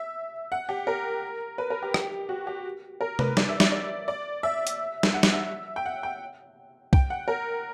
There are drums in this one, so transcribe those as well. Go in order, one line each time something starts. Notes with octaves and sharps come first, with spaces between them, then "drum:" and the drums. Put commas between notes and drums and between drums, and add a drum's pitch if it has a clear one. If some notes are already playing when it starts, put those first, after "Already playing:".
Already playing: E5
F#5
G4
A#4
B4
A#4
G4
G4, drum: rim click
F#4
G4
A#4
B4, drum: tom C3
D5, drum: snare
E5
D5, drum: snare
D5
D5
E5
drum: hi-hat
drum: snare
F#5
drum: snare
E5
G5
F#5
G5
G5, drum: kick C2
F#5
A#4